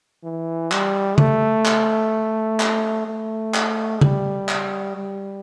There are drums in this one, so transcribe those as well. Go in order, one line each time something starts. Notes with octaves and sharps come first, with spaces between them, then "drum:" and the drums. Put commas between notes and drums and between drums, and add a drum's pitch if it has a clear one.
E3
G3, drum: clap
A3, drum: tom C#3
drum: clap
drum: clap
A3
drum: clap
G3, drum: tom C#3
drum: clap
G3